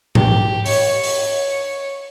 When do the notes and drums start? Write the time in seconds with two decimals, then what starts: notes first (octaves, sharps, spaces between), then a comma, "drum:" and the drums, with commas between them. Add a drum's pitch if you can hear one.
0.15 G4, drum: tom G#2
0.66 C#5, drum: open hi-hat
1.04 C#5, drum: open hi-hat